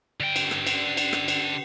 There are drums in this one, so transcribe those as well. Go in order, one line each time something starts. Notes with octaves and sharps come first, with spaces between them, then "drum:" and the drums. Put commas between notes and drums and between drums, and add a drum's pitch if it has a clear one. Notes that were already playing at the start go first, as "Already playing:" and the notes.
D3 G5
drum: cymbal
drum: rim click
drum: cymbal
drum: cymbal
drum: rim click
drum: cymbal